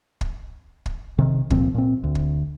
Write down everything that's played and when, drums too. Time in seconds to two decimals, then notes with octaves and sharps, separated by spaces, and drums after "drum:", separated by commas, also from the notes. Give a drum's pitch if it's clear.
0.21 drum: kick
0.86 drum: kick
1.19 C3 D#3
1.50 C#2 A#2 F3 C4, drum: kick
1.74 A#2 C4
2.04 D2
2.15 drum: kick